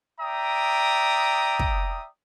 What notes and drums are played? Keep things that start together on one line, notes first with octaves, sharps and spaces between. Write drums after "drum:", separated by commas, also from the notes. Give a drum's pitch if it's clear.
D5 E5 G5 A#5 D#6
drum: kick